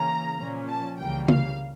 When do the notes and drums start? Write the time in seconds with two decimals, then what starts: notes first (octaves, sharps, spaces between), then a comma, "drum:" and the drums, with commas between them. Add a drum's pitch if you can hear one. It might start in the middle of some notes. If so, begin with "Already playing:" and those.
Already playing: C#3 E3 A#3 C#4 A#5
0.37 A#2 F3 C#4
0.67 A5
0.98 C#2 C#3 E3 G3 A#3 G5
1.28 F5, drum: tom C#3